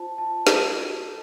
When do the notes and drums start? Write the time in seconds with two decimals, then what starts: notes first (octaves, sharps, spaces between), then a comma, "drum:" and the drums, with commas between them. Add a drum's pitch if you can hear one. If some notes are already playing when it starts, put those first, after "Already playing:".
Already playing: F4 C5 A5
0.18 F4 A5
0.47 C5, drum: snare
0.76 F#4
1.05 A4